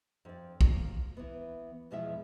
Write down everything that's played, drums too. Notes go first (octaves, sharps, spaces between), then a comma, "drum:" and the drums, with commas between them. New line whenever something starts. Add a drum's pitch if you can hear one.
F2 D5
A#3, drum: kick
E3 B3
E2 B2 F3 G#3 E4 E5